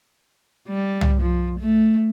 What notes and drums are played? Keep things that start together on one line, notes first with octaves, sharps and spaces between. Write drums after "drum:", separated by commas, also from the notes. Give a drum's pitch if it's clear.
G3
drum: tom C2
F3
A3